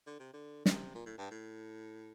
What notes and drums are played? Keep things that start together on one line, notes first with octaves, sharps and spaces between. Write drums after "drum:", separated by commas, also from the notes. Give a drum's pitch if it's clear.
D3
C3
D3
C3, drum: snare
A#2
A2
G2
A2